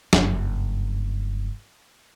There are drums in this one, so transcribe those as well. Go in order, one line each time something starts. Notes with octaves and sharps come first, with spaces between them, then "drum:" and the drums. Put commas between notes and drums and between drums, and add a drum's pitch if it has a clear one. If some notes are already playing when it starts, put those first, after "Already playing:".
F#1 G2, drum: snare